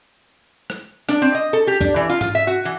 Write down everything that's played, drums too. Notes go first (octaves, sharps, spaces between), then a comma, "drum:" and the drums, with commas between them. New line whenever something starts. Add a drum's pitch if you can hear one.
drum: rim click
D4, drum: rim click
C4
D#5
A4
G4
D4, drum: kick
E3
F4
F4, drum: tom G#2
E5
F#4
E3